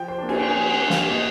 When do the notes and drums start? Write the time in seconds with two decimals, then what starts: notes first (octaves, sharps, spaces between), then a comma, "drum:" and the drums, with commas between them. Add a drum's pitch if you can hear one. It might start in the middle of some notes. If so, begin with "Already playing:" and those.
Already playing: F3 G5
0.08 C5
0.18 A#3 D4
0.29 G#5, drum: cymbal
0.39 G5
0.49 F3 G#5
0.69 G5
0.79 A#3 D4
0.90 F5, drum: snare
1.10 A#2 D#5